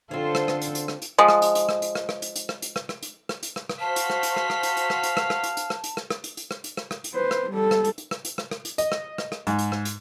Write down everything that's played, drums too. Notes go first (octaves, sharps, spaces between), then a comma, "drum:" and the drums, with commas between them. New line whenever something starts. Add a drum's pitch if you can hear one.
D3 C4 C#4 F4 A4 C5
drum: rim click
drum: rim click
drum: hi-hat
drum: hi-hat
drum: rim click
drum: hi-hat
F3 G#3
drum: rim click
drum: hi-hat
drum: hi-hat
drum: rim click
drum: hi-hat
drum: rim click
drum: rim click
drum: hi-hat
drum: hi-hat
drum: rim click
drum: hi-hat
drum: rim click
drum: rim click
drum: hi-hat
drum: rim click
drum: hi-hat
drum: rim click
drum: rim click
F#4 C5 F5 A5 B6
drum: hi-hat
drum: rim click
drum: hi-hat
drum: rim click
drum: rim click
drum: hi-hat
drum: hi-hat
drum: rim click
drum: hi-hat
drum: rim click
drum: rim click
drum: hi-hat
drum: hi-hat
drum: rim click
drum: hi-hat
drum: rim click
drum: rim click
drum: hi-hat
drum: hi-hat
drum: rim click
drum: hi-hat
drum: rim click
drum: rim click
drum: hi-hat
B4 C5
drum: rim click
G3 A4
drum: rim click
drum: hi-hat
drum: hi-hat
drum: rim click
drum: hi-hat
drum: rim click
drum: rim click
drum: hi-hat
D#5, drum: hi-hat
drum: rim click
drum: rim click
drum: rim click
G#2, drum: hi-hat
drum: hi-hat
drum: rim click
drum: hi-hat